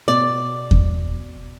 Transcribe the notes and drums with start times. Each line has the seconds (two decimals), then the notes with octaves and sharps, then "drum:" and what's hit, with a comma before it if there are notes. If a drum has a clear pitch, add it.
0.08 B2 D5
0.71 drum: kick E2